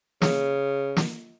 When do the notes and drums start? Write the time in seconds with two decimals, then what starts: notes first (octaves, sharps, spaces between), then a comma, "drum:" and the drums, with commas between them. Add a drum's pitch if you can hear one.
0.22 C#3, drum: snare
0.97 drum: snare